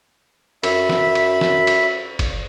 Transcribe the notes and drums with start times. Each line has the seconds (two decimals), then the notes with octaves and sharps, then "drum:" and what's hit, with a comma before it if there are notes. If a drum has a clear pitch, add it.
0.63 F#2 E5 B5, drum: cymbal
0.89 drum: snare
1.15 drum: cymbal
1.41 drum: snare
1.67 drum: cymbal
2.19 drum: kick, cymbal